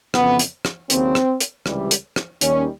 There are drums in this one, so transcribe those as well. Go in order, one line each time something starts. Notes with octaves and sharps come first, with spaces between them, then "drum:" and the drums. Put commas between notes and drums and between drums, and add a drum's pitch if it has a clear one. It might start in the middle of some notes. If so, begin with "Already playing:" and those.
F2 C#3 E3 B3, drum: rim click
drum: hi-hat
drum: rim click
D#2 C#3 F#3 C4, drum: hi-hat
drum: rim click
drum: hi-hat
C#2 C3 E3 G3, drum: rim click
drum: hi-hat
drum: rim click
D#2 D#3 G3 C#4, drum: hi-hat